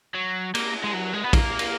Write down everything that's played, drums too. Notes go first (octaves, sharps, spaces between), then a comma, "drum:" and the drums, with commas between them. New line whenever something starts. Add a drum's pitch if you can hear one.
F#3
A#3, drum: cymbal
G#3
F#3
G#3
B3
A#3, drum: kick, cymbal
drum: cymbal